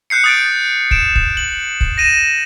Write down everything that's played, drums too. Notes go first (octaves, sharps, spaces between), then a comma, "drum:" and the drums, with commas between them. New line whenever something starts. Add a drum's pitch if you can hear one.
F#6 G6 C7 C#7
D#6 A6 D7
D7 E7, drum: kick
drum: kick
F#7
drum: kick
A#6 D#7 E7